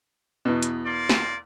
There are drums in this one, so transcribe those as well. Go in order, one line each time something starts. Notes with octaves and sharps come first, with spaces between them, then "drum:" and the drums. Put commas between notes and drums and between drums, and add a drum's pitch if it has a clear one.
E2 B2
drum: hi-hat
A#3 D5 C6
drum: snare